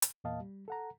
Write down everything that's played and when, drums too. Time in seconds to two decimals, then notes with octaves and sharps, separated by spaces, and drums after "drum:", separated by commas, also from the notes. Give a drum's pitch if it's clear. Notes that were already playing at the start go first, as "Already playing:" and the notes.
0.02 drum: hi-hat
0.24 E2 A#2 A#3 D#5 F5 A5
0.41 G3
0.68 A4 F#5 A#5